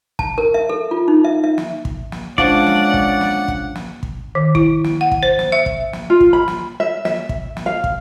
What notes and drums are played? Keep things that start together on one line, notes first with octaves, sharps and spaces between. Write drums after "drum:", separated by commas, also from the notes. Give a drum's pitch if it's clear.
A5, drum: kick
A#4
E5
A4
F4
D#4
E5
E5
drum: snare
drum: kick
drum: snare
F3 G#3 C#4 D4 C#5 D5 F#5, drum: kick
drum: snare
drum: kick
drum: snare
drum: kick
drum: snare
drum: kick
D#3
E4, drum: kick
drum: snare
F#5
drum: kick
C5
drum: snare
E5
drum: kick
drum: snare
F4
drum: kick
B5
drum: snare
E5
E5, drum: snare
drum: kick
drum: snare
F5
drum: kick